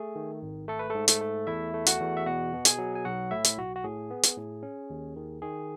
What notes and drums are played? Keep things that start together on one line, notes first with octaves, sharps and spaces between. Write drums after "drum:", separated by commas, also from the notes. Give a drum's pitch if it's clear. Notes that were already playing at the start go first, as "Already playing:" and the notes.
Already playing: A3 G#4
D#3
G#1
A3 A4
B4
G#2 A3 A4
A3 A4, drum: hi-hat
A3
E2 E4 E5
A3
F#4 F#5, drum: hi-hat
E2
E5
B2 F#4 F#5
B2
G#4 G#5, drum: hi-hat
F#3
G#5
B1 F#4 F#5
A2 E4 E5
drum: hi-hat
B1 F#4
F#4
A2 G#4
B3
drum: hi-hat
A2
C#4
D#2
D#3
D#3 G#4